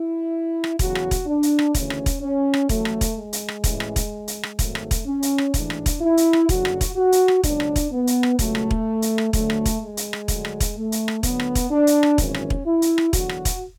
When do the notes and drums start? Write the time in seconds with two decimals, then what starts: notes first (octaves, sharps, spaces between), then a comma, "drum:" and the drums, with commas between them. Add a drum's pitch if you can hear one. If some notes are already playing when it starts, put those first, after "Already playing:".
Already playing: E4
0.64 drum: rim click
0.79 E2 C#3 F#3 F#4, drum: kick E1, hi-hat
0.95 drum: rim click
1.11 drum: kick E1, hi-hat
1.27 D4
1.43 drum: hi-hat
1.59 drum: rim click
1.75 D2 C#3 E3 C#4, drum: kick E1, hi-hat
1.90 drum: rim click
2.06 drum: kick E1, hi-hat
2.21 C#4
2.54 drum: rim click
2.69 A1 A2 F#3 A3, drum: kick E1, hi-hat
2.85 drum: rim click
3.01 drum: kick E1, hi-hat
3.17 G#3
3.33 drum: hi-hat
3.48 drum: rim click
3.64 A1 A2 E3, drum: kick E1, hi-hat
3.80 drum: rim click
3.96 drum: kick E1, hi-hat
4.28 drum: hi-hat
4.43 drum: rim click
4.59 G#1 G#2 F#3 A3, drum: kick E1, hi-hat
4.75 drum: rim click
4.91 drum: kick E1, hi-hat
5.07 C#4
5.23 drum: hi-hat
5.38 drum: rim click
5.54 A1 G#2 E3 D4, drum: kick E1, hi-hat
5.70 drum: rim click
5.86 drum: kick E1, hi-hat
6.01 E4
6.17 drum: hi-hat
6.33 drum: rim click
6.49 F#1 F#2 D3 F#3 F#4, drum: kick E1, hi-hat
6.65 drum: rim click
6.81 drum: kick E1, hi-hat
6.96 F#4
7.12 drum: hi-hat
7.28 drum: rim click
7.43 C#2 B2 F#3 D4, drum: kick E1, hi-hat
7.60 drum: rim click
7.76 drum: kick E1, hi-hat
7.92 B3
8.07 drum: hi-hat
8.23 drum: rim click
8.39 C#2 B2 F#3 A3, drum: kick E1, hi-hat
8.55 drum: rim click
8.71 drum: kick E1
9.02 drum: hi-hat
9.18 drum: rim click
9.33 D2 D3 F#3 A3, drum: kick E1, hi-hat
9.50 drum: rim click
9.66 drum: kick E1, hi-hat
9.81 G#3
9.97 drum: hi-hat
10.13 drum: rim click
10.28 D2 D3 F#3, drum: kick E1, hi-hat
10.45 drum: rim click
10.60 drum: kick E1, hi-hat
10.77 A3
10.92 drum: hi-hat
11.08 drum: rim click
11.23 D2 D3 F#3 B3, drum: kick E1, hi-hat
11.40 drum: rim click
11.55 drum: kick E1, hi-hat
11.71 D4
11.87 drum: hi-hat
12.03 drum: rim click
12.18 G#1 F#2 E3 C#4, drum: kick E1, hi-hat
12.34 drum: rim click
12.50 drum: kick E1
12.66 E4
12.82 drum: hi-hat
12.98 drum: rim click
13.13 E2 D3 F#3 F#4, drum: kick E1, hi-hat
13.29 drum: rim click
13.45 drum: kick E1, hi-hat